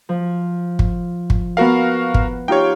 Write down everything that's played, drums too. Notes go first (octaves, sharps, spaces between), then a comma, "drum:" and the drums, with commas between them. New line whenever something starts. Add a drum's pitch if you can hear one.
F3
drum: kick
drum: kick
B3 F#4 A#4 F5 F#5
drum: kick
D#4 F4 G4 C#5 G5